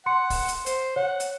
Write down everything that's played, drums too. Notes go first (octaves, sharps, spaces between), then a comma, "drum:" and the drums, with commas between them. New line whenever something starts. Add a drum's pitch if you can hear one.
F#5 C6 C#7
drum: kick, open hi-hat
drum: hi-hat
C5, drum: hi-hat
C#5 F#5
drum: hi-hat